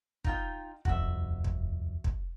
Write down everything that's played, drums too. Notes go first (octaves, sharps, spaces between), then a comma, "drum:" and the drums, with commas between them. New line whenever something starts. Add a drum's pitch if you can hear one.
D#4 F4 G5, drum: kick
D#1 C2 F2 F#4 E5, drum: kick
drum: kick
drum: kick